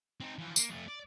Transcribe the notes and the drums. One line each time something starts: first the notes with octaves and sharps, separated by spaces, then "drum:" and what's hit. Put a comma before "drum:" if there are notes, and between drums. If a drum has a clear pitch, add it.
C4 D#4
E3 F3
A#3, drum: tambourine
F2 A3
D5